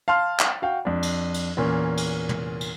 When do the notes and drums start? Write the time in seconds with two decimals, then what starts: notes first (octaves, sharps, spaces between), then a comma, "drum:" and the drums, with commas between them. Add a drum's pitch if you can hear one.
0.08 F5 A5 C6 F6
0.39 drum: clap
0.62 F#4 F5 G5
0.85 F2 D4
1.03 drum: cymbal
1.34 drum: cymbal
1.57 E2 A#2 A#3 C#4
1.97 drum: cymbal
2.29 drum: tom
2.61 drum: cymbal